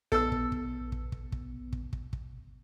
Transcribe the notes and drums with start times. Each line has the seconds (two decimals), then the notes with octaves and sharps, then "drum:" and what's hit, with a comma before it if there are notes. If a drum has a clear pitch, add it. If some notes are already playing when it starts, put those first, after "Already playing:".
0.12 A#1 B3 A4 E6, drum: kick
0.32 drum: kick
0.52 drum: kick
0.92 drum: kick
1.12 drum: kick
1.32 drum: kick
1.73 drum: kick
1.93 drum: kick
2.13 drum: kick